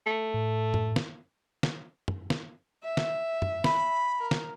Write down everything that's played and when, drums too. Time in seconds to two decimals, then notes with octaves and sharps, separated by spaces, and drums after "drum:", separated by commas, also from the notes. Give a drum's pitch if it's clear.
0.06 A3
0.34 A2
0.74 drum: tom
0.96 drum: snare
1.63 drum: snare
2.08 drum: tom
2.30 drum: snare
2.83 E5
2.97 drum: snare
3.42 drum: tom
3.64 B5, drum: snare
4.19 A#4
4.31 drum: snare